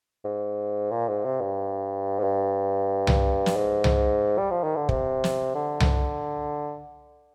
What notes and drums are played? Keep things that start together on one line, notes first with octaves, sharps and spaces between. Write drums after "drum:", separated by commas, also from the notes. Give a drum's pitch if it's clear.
G#2
A#2
G#2
C3
G2
G#2
G2
drum: tom C2
drum: snare
G#2
drum: tom C2
G3
F3
D#3
D3
C3, drum: kick
drum: snare
D3
drum: tom C2